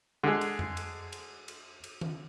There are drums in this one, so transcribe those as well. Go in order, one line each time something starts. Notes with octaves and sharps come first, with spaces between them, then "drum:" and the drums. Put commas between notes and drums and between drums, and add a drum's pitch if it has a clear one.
D3 G#3
drum: cymbal
drum: tom F2
drum: cymbal
drum: cymbal
drum: cymbal
drum: cymbal
drum: tom D#3